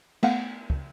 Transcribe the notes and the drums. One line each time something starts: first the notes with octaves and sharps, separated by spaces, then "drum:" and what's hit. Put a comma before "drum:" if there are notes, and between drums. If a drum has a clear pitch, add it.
A3 B3 F5 F#5, drum: cymbal
drum: kick